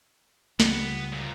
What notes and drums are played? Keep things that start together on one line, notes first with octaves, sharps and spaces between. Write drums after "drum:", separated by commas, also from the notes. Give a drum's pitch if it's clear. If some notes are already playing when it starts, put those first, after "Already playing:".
C#2 G3 B3, drum: snare
D2 A#2